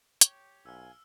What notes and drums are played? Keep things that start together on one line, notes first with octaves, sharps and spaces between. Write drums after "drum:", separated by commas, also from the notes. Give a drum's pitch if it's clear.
G4 C#5, drum: hi-hat
B1 F5 G#5 E6 F6 G#6